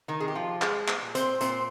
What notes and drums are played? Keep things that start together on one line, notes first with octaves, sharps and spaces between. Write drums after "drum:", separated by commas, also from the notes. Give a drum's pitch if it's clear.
D#3 D#4
C3 G#4
G4
F3 F4
G3 G#3 G#4, drum: clap
drum: clap
A#2
C4 C5, drum: hi-hat
A#2 C4 C5, drum: hi-hat